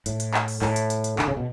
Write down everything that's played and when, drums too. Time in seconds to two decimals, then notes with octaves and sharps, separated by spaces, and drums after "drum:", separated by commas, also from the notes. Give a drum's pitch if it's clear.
0.06 A2, drum: hi-hat
0.20 drum: hi-hat
0.34 drum: clap
0.48 drum: open hi-hat
0.62 A2, drum: clap
0.76 drum: hi-hat
0.90 drum: hi-hat
1.04 drum: hi-hat
1.19 D3, drum: clap
1.28 C#3
1.37 B2